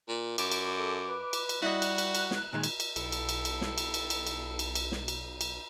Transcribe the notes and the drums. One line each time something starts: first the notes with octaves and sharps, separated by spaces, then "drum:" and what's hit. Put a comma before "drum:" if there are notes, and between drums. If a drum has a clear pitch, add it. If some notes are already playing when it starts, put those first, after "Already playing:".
A#2
F#2 D6, drum: cymbal
drum: cymbal
A4
B4
drum: cymbal
drum: cymbal
G3 E4 F#4 D#5 F#6
drum: cymbal
drum: cymbal
drum: cymbal
drum: snare
A#2 D#3 G#3
drum: cymbal
drum: cymbal
B1 G2 E4 A4, drum: cymbal
drum: cymbal
drum: cymbal
drum: cymbal
drum: snare
drum: cymbal
drum: cymbal
drum: cymbal
drum: cymbal
drum: cymbal
drum: cymbal
drum: snare
drum: cymbal
drum: cymbal